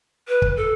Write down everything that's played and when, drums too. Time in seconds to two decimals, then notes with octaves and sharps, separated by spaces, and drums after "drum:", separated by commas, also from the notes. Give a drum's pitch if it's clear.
0.28 B4
0.42 drum: kick
0.57 A4